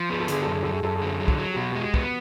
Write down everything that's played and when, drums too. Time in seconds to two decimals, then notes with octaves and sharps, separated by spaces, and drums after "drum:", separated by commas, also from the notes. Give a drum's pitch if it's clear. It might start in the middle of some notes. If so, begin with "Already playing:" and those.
Already playing: F3
0.10 B3 G#4
0.20 A4
0.28 D3 G#4, drum: hi-hat
0.42 F#2 A4
0.52 G#4
0.63 F#2 A4
0.74 G#4
0.83 F#2 A4
0.96 G#4
1.02 D3 A4
1.17 F#3 G#4
1.28 A4, drum: kick
1.38 F#3 G#4
1.52 G4
1.56 B2 F#4
1.70 G4
1.75 G#3
1.82 F#4
1.94 B3, drum: kick